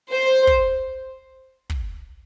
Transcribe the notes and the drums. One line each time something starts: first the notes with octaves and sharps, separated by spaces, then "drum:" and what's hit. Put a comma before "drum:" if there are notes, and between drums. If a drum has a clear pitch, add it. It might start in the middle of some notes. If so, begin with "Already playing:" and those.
C5
drum: kick
drum: kick